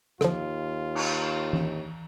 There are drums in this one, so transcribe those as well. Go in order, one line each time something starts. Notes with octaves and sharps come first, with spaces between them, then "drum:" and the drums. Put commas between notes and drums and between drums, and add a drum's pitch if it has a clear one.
D#2 D3 F3 F4, drum: rim click
drum: cymbal
drum: tom E3